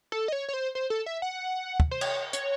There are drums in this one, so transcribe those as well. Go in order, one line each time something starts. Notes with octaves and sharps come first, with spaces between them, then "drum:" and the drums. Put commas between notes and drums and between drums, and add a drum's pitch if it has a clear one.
A4
D#5
C#5
C#5
C5
C5
A4
E5
F#5
drum: kick
C5
C#5, drum: cymbal
C#5, drum: hi-hat